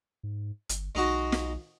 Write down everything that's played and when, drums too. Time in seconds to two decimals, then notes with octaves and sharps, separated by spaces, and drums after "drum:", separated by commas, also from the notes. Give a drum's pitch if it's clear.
0.23 G#2
0.69 G1, drum: hi-hat
0.95 B1 G#3 D#4 F#4
1.32 drum: snare